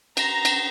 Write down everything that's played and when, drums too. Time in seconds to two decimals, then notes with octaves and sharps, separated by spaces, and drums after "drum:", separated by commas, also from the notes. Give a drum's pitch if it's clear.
0.17 A#5, drum: cymbal
0.45 drum: cymbal